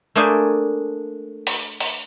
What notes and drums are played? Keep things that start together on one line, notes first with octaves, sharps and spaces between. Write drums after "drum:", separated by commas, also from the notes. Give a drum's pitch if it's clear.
A3 A#3 D4 G#4 C5 G#5
drum: open hi-hat
drum: open hi-hat